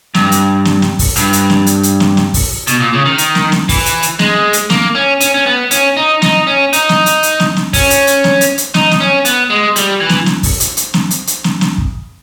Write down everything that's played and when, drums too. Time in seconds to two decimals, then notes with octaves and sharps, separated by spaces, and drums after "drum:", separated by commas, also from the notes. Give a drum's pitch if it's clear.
0.14 G2, drum: snare
0.32 drum: hi-hat
0.65 drum: snare
0.82 drum: snare
0.99 drum: kick, open hi-hat
1.16 G2, drum: hi-hat
1.33 drum: hi-hat
1.50 drum: snare
1.66 drum: hi-hat
1.83 drum: hi-hat
2.00 drum: snare
2.17 drum: snare
2.34 drum: kick, open hi-hat
2.67 B2, drum: hi-hat
2.80 A#2
2.93 C#3
3.05 D#3
3.18 drum: hi-hat
3.35 drum: snare
3.52 drum: snare
3.69 E3, drum: kick, open hi-hat
3.86 drum: hi-hat
4.02 drum: hi-hat
4.19 G#3, drum: snare
4.53 drum: hi-hat
4.70 A#3, drum: snare
4.95 C#4
5.20 C#4, drum: hi-hat
5.34 C#4
5.46 B3
5.71 C#4, drum: hi-hat
5.97 D#4
6.22 D#4, drum: snare
6.47 C#4
6.73 D#4, drum: hi-hat
6.89 drum: snare
7.06 drum: hi-hat
7.23 drum: hi-hat
7.40 drum: snare
7.57 drum: snare
7.73 C#4, drum: kick, open hi-hat
7.90 drum: hi-hat
8.07 drum: hi-hat
8.24 drum: snare
8.41 drum: hi-hat
8.58 drum: hi-hat
8.74 D#4, drum: snare
8.91 drum: snare
9.00 C#4
9.25 B3, drum: hi-hat
9.50 G#3
9.76 G3, drum: hi-hat
10.00 E3
10.09 drum: snare
10.26 drum: snare
10.43 drum: kick, open hi-hat
10.60 drum: hi-hat
10.77 drum: hi-hat
10.94 drum: snare
11.11 drum: hi-hat
11.27 drum: hi-hat
11.44 drum: snare
11.61 drum: snare
11.78 drum: kick